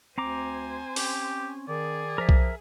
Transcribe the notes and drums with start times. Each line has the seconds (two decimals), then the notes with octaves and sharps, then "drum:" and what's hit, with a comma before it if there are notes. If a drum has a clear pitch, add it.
0.18 D2 C4 C5 G#5 A#5 D6
0.96 C#4 G4, drum: open hi-hat
1.68 D#3 G#4 D5
2.18 F3 A#4 E5
2.29 drum: kick B1